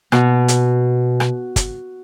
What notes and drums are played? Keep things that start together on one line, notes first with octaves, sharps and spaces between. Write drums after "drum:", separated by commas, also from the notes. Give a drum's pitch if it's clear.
B2, drum: rim click
drum: hi-hat
drum: rim click
drum: kick G1, hi-hat